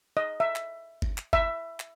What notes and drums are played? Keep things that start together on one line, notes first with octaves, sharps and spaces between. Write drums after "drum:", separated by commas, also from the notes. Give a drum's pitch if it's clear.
D#5
E5
drum: clap
drum: kick G1
drum: clap
E5, drum: kick G1
drum: clap